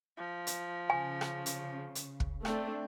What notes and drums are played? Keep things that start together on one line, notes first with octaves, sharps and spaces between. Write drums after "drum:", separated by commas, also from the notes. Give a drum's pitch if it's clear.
F3
drum: hi-hat
C#3 G#5
drum: rim click
drum: hi-hat
drum: hi-hat
drum: kick
A3 C4 D4, drum: rim click